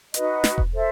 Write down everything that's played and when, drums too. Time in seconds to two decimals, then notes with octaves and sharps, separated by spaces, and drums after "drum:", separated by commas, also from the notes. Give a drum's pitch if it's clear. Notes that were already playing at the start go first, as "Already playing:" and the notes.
0.14 D#4 F#4 B4 D#5, drum: hi-hat
0.44 drum: snare
0.58 drum: kick E1
0.72 A4 C5 E5